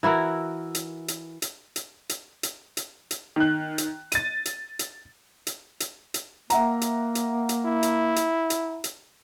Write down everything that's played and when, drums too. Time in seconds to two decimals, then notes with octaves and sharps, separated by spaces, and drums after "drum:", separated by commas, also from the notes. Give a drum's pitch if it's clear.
0.03 E3 E4 F#4 A#4
0.75 drum: hi-hat
1.08 drum: hi-hat
1.42 drum: hi-hat
1.76 drum: hi-hat
2.09 drum: hi-hat
2.43 drum: hi-hat
2.77 drum: hi-hat
3.11 drum: hi-hat
3.36 D#3 F#6
3.78 drum: hi-hat
4.12 A6 D#7, drum: hi-hat
4.45 drum: hi-hat
4.79 drum: hi-hat
5.47 drum: hi-hat
5.80 drum: hi-hat
6.14 drum: hi-hat
6.50 A#3 E5 F#5 A#5, drum: hi-hat
6.81 drum: hi-hat
7.15 drum: hi-hat
7.49 drum: hi-hat
7.66 E4
7.83 drum: hi-hat
8.16 drum: hi-hat
8.50 drum: hi-hat
8.84 drum: hi-hat